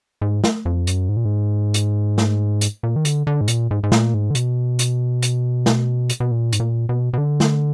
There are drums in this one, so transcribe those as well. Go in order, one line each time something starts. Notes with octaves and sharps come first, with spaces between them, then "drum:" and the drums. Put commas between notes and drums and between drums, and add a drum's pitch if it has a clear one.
G#2
drum: snare
F2
F#2, drum: hi-hat
G#2
A#2
G#2
drum: hi-hat
drum: snare
drum: hi-hat
A#2
D#3
D3, drum: hi-hat
D3
G#2
A#2, drum: hi-hat
G#2
G#2
A#2, drum: snare
G#2
D3
B2, drum: hi-hat
drum: hi-hat
drum: hi-hat
drum: snare
drum: hi-hat
B2
A#2
G#2, drum: hi-hat
A#2
B2
B2
D3
drum: snare